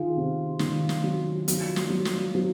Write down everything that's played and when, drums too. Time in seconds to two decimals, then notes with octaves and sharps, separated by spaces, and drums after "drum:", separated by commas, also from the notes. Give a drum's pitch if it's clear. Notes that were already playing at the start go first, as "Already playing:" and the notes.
Already playing: D#3 F4 G#4
0.17 C3
0.59 D#3, drum: snare
0.89 drum: snare
1.04 F#3
1.48 F#3, drum: hi-hat
1.76 drum: snare
1.90 F#3
2.05 drum: snare
2.35 F#3